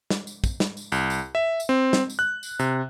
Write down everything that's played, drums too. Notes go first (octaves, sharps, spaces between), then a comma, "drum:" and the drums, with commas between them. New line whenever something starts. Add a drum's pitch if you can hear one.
drum: snare
drum: tambourine
drum: kick, tambourine
drum: snare
drum: tambourine
C2, drum: tambourine
drum: tambourine
E5
drum: tambourine
C4
drum: snare
drum: tambourine
F#6
drum: tambourine
C3, drum: tambourine